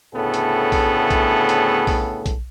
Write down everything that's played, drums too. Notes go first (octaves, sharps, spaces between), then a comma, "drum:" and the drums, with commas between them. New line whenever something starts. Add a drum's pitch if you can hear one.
D2 A2 C#3 B3 G#4 A4
drum: hi-hat
drum: kick, open hi-hat
drum: kick, hi-hat
drum: hi-hat
drum: kick, open hi-hat
drum: kick, hi-hat